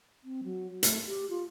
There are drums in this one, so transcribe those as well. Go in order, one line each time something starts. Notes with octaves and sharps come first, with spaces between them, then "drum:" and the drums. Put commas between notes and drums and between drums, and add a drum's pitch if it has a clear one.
C4
F#3
A3, drum: hi-hat
G4
F4